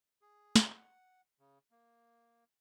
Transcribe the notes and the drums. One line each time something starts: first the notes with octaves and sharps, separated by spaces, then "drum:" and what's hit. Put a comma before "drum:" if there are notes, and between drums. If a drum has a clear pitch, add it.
G#4
drum: snare
F#5
C#3
A#3